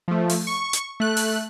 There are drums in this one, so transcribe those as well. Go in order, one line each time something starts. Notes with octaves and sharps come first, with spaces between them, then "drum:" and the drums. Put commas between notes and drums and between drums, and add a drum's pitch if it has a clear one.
F3 A3
drum: open hi-hat
C#6
drum: hi-hat
A3 F#6
drum: open hi-hat